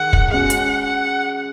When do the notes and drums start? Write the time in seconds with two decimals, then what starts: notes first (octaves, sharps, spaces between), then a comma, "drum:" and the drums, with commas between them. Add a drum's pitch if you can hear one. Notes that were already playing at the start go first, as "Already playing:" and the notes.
Already playing: D#3 G#3 F#5
0.13 drum: kick
0.31 G#3 C#4 F#4 F#5
0.50 drum: hi-hat
0.85 F#5